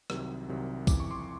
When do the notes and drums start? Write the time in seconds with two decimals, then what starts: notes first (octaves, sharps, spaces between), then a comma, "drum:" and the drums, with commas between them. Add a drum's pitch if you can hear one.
0.10 C2 C3 D#3 F#3, drum: rim click
0.48 C2 C3 D#3 F#3
0.87 F2 C#3 E3 D6, drum: kick, tambourine
1.00 C#6
1.11 C6 D6